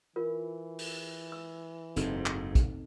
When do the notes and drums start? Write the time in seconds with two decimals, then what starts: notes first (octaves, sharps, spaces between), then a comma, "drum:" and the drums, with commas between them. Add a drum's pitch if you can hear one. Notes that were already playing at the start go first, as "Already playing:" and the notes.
0.16 E3 F4 A#4
0.79 drum: open hi-hat
1.32 E6
1.96 F#1 G#2 C4 D#4 A4, drum: hi-hat
2.26 drum: clap
2.55 drum: kick, hi-hat